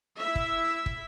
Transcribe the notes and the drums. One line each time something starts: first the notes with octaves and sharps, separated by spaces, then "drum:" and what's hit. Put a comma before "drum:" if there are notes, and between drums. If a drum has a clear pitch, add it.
E4 E5
drum: kick
drum: kick